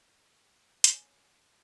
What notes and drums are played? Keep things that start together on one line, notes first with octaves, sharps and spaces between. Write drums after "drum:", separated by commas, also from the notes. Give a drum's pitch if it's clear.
C#4, drum: hi-hat